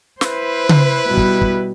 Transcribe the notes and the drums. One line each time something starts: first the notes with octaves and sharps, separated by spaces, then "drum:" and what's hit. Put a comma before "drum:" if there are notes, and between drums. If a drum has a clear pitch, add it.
E4 B4 C5, drum: snare
drum: tom C#3
B2 G3
drum: kick
drum: kick